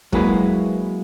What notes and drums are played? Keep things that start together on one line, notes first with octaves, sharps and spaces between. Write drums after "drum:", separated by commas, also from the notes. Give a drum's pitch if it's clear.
F#3 G#3 A#3 E4 F#4 B4, drum: kick